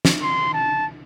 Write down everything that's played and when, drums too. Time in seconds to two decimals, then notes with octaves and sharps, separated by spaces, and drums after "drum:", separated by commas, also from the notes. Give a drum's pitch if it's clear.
0.05 drum: snare
0.22 C6
0.53 A5